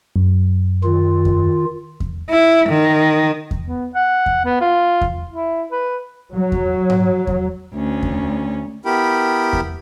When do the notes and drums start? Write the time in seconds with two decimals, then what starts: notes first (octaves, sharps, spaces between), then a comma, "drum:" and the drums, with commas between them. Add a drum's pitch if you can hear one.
0.16 F#2
0.84 D#3 F4
1.25 drum: kick E2
2.00 drum: kick E2
2.30 E4
2.69 D#3
3.51 drum: kick E2
3.66 B3
3.95 F#5
4.26 drum: kick E2
4.45 B3
4.61 F4
5.01 drum: kick E2
5.31 E4
5.72 B4
6.35 F#3
6.52 drum: kick E2
6.90 drum: tom G#2
7.27 drum: kick E2
7.74 D2 C#4
8.03 drum: kick E2
8.85 B3 E4 G4 A#4 G5 B5
9.53 drum: kick E2